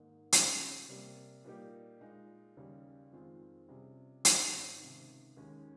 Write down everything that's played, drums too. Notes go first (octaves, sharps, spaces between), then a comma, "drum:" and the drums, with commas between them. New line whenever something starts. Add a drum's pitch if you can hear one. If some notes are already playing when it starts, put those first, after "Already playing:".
Already playing: G#2 D#3 A#3 D#4
D#2 C#3 G#3 C#4 F4, drum: hi-hat
C3 G3 A#3
A#2 G3 A#3 D#4 G4
A#2 G#3 D#4
D#2 C#3 G3
F2 D#3 G#3 C4 F4
C3 G3 C#4 F4 G#4
G#2 G3 C4, drum: hi-hat
C#2 C3 D#3
D#2 D#3 G#3 C#4